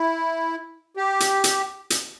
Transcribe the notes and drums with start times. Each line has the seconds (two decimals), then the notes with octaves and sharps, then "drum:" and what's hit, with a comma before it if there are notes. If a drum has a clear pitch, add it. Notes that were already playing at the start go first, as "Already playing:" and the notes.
Already playing: E4
0.97 G4
1.20 drum: hi-hat
1.44 drum: hi-hat
1.90 drum: hi-hat